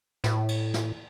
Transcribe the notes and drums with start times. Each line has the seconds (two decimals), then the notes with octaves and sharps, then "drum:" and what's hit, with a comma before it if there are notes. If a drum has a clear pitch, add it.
0.24 A2, drum: snare
0.49 drum: cymbal
0.74 drum: snare